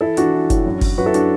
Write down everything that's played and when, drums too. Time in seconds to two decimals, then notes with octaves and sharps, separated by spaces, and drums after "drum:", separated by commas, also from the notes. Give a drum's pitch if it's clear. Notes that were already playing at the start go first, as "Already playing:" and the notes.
0.01 E3 E4 A4
0.17 E3 D4 F#4, drum: hi-hat
0.33 E3
0.50 A2, drum: kick F#1, hi-hat
0.66 F#2
0.81 F#2, drum: kick F#1, open hi-hat
0.98 F#2 F#4 B4
1.06 E4 A4
1.14 D4 F#4, drum: hi-hat